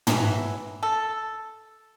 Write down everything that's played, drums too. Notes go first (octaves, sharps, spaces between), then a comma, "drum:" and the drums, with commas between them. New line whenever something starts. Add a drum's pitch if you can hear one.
E3 F#3, drum: tom
A4